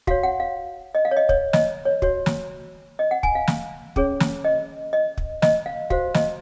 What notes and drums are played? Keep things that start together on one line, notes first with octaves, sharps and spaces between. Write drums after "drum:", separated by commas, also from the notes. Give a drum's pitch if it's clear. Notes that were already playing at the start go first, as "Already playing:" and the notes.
F#4 C#5 F5, drum: kick
F#5
F5
D#5
F5
C#5
D#5
C#5, drum: kick
D#5, drum: snare
C#5
F#4 C#5, drum: kick
drum: snare
D#5
F#5
G#5, drum: kick
F5
drum: snare
C#4 G#4 C#5, drum: kick
drum: snare
D#5
D#5
drum: kick
D#5, drum: snare
F5
F#4 C5 F5, drum: kick
D#5, drum: snare